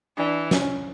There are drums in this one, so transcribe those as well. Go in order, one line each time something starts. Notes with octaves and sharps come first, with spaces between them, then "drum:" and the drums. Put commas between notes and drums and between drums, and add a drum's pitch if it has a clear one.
E3 D4
C#4, drum: snare